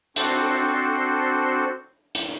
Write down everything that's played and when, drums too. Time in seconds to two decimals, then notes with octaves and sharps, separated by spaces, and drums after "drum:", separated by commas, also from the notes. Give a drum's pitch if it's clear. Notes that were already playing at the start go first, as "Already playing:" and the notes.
0.16 C4 D4 F#4 A4 C5, drum: hi-hat
2.15 drum: hi-hat